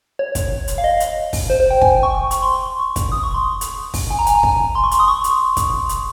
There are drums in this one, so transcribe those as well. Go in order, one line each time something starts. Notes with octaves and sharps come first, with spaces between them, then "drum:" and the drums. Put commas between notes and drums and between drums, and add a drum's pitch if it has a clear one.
C#5
drum: kick, hi-hat
drum: hi-hat
F5
D#5
drum: hi-hat
drum: kick, open hi-hat
C5
C5
G5
G#5, drum: kick
C#6
C#6
C#6, drum: hi-hat
C6
C#6
C#6
drum: kick, hi-hat
D#6
C#6
C6
drum: hi-hat
drum: kick, open hi-hat
G#5
A#5
G#5, drum: hi-hat
A#5
G#5, drum: kick
C6
C#6
C6, drum: hi-hat
D#6
C#6
drum: hi-hat
drum: kick, hi-hat
drum: hi-hat